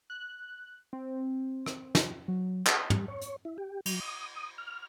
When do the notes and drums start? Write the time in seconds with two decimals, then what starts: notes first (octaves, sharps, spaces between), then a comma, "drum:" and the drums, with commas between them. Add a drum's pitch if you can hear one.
0.10 F#6
0.93 C4
1.66 drum: rim click
1.95 drum: snare
2.28 F#3
2.67 drum: clap
2.90 G3, drum: tom
3.08 C#5
3.22 drum: hi-hat
3.45 E4
3.58 G4
3.86 F#3, drum: cymbal
4.01 D#6
4.35 D#6
4.58 F6